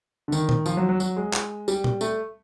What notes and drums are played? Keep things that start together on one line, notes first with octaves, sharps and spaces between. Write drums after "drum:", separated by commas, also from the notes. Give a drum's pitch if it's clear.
D3
D#3, drum: tambourine
drum: tom A#2
F3, drum: tambourine
F#3
F#3
F#3, drum: tambourine
G#3
drum: clap
G3, drum: tambourine
drum: tom A#2
A3, drum: tambourine